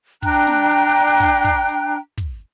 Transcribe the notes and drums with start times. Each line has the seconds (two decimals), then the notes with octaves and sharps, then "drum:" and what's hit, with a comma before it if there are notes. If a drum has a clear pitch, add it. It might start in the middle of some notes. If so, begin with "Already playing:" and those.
0.22 D4 G5 A#5 F#6, drum: kick, hi-hat
0.47 drum: snare
0.71 drum: hi-hat
0.96 drum: hi-hat
1.20 drum: kick, hi-hat
1.44 drum: kick, hi-hat
1.69 drum: hi-hat
2.18 drum: kick, hi-hat